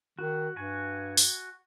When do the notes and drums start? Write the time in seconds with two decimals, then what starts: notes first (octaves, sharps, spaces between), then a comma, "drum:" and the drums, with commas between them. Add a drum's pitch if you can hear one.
0.19 D#3 F#4
0.56 G2 F#4 G#5
1.17 drum: open hi-hat